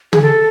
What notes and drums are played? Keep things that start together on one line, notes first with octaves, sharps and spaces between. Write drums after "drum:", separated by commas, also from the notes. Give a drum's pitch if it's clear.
G#4, drum: tom
A4